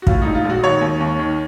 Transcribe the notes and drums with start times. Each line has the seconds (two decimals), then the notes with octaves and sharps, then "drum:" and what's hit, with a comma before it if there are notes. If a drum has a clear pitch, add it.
0.02 F#4
0.07 A2 F4, drum: kick
0.22 A#1 D#4
0.34 F4
0.45 A#1 F#4
0.63 D#3 C#5
0.81 D#2
1.00 D#2
1.19 D#3